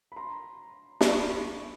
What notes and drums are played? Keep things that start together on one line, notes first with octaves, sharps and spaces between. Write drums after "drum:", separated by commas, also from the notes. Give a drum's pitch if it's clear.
B5
A#5 C6
drum: snare
B5 C#6